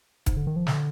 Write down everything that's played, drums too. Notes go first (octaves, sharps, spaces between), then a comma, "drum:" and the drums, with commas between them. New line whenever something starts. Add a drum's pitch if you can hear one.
G#2, drum: kick, hi-hat
D3
D#3
F3
D3, drum: snare